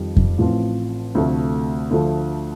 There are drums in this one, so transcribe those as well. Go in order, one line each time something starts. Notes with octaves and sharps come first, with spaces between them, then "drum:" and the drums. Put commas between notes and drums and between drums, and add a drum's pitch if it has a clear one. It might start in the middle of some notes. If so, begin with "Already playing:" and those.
Already playing: F2 D#3 G3
drum: kick F2
A1 A2 F3 C4 F4
D2 C3 F3 A3
D2 D3 F3 A3